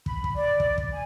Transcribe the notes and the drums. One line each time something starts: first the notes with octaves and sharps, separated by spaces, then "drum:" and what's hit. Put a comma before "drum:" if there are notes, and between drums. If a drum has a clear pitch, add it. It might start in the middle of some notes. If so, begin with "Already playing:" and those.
B5, drum: kick
drum: kick
D5
drum: kick
drum: kick
G#5